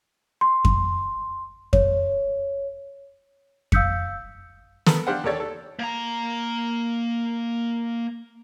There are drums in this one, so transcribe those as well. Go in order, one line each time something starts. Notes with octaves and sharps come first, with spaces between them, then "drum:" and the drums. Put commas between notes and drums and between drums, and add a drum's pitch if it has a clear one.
C6
drum: kick F2
C#5, drum: kick F2
F5 D#6 E6 G6 B6 C#7, drum: kick F2
B3 A4 A#4, drum: snare
D4 G4 C5 F5 F#5
D#2 A#3 G4 A4 C#5 D5
A4
A#3 A#5